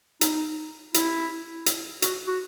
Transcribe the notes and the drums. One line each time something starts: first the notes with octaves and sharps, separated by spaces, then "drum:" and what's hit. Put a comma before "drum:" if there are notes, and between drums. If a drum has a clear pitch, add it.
D#4, drum: hi-hat
E4, drum: hi-hat
drum: hi-hat
F#4, drum: hi-hat
F#4